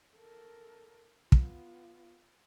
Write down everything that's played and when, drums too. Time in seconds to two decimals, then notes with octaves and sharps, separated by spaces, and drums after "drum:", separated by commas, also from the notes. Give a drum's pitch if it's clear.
0.17 A4 A#4
1.32 B3 F4, drum: kick